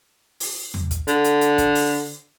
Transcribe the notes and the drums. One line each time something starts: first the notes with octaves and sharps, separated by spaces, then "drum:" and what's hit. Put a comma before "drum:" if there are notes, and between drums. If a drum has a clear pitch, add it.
drum: open hi-hat
drum: tom E2
drum: kick, hi-hat
D3, drum: hi-hat
drum: hi-hat
drum: hi-hat
drum: kick, hi-hat
drum: open hi-hat